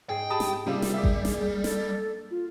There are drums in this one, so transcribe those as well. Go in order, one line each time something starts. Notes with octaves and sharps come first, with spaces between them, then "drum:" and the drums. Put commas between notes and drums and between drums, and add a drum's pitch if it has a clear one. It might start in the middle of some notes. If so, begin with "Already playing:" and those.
G#2 G#4 G5
G4 A5 B5 D#6
drum: snare
C3 G3 A#3 D4 F4 G4
drum: snare
G#4 E5 D6
drum: kick G#1
drum: snare
A4, drum: snare
F4